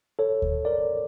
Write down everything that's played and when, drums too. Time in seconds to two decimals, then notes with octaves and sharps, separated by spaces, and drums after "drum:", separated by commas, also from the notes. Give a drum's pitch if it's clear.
0.19 A4 C#5
0.42 drum: kick D2
0.65 A#4 D5